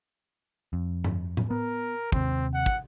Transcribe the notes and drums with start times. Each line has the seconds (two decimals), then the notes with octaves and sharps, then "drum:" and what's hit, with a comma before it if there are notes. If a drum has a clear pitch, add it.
0.73 F2
1.04 drum: tom G2
1.37 drum: tom A2
1.51 B3 A#4
2.12 D#2 C3 C4, drum: kick
2.54 F#5
2.66 drum: kick